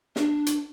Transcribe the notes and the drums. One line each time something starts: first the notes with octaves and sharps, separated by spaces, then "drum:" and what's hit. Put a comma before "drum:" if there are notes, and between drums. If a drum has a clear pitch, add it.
D4, drum: snare
drum: hi-hat